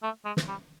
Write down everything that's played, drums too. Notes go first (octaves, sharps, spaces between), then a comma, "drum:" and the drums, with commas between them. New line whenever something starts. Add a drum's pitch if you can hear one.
A3
G#3
drum: snare
G3